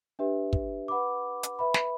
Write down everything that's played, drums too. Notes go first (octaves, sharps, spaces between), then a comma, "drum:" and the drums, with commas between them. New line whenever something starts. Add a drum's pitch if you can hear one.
D4 G4 B4 E5
drum: kick
B4 F#5 B5 D6
drum: hi-hat
B4 E5 B5
drum: snare